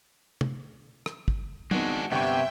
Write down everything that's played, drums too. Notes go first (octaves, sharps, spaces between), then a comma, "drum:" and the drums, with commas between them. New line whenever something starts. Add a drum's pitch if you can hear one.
drum: tom
drum: rim click
drum: kick
D#3 G#3 B3 C4 D4 F#4, drum: tom
G1 C3 B3 G4 C#5 E5 G5 C#6